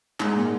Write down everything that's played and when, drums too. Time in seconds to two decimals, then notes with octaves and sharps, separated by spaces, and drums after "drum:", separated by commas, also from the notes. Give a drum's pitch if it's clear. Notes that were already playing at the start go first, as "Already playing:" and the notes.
0.20 G#2 D#4, drum: clap
0.36 A#2